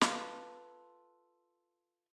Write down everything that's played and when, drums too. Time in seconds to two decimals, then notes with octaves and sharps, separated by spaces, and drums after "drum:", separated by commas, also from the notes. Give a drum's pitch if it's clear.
0.01 F4 A4 B4, drum: snare